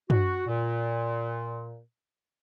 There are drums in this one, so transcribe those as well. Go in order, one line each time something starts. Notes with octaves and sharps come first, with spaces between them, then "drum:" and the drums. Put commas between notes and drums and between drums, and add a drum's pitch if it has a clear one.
F#4, drum: tom
A#2